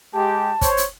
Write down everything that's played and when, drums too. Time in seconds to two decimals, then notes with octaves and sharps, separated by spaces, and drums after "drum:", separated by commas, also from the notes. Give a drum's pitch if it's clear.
0.13 G#3 G4 A5
0.61 C5 C#5, drum: kick, hi-hat
0.77 drum: hi-hat